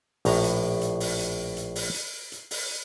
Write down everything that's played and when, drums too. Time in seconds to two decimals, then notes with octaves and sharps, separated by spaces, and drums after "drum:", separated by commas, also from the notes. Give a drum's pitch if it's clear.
0.25 A#1 A2 A#5, drum: open hi-hat
0.44 drum: hi-hat
0.81 drum: hi-hat
1.00 drum: open hi-hat
1.19 drum: hi-hat
1.57 drum: hi-hat
1.76 drum: open hi-hat
1.94 drum: hi-hat
2.32 drum: hi-hat
2.51 drum: open hi-hat